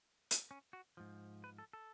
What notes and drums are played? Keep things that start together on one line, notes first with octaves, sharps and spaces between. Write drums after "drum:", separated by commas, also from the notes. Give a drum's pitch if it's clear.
drum: hi-hat
C#4
F#4
G#2 F3
B4
A4
A4